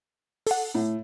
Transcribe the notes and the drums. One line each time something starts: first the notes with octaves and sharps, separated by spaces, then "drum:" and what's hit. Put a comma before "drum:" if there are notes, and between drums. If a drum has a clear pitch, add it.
A4 F#5, drum: open hi-hat
A2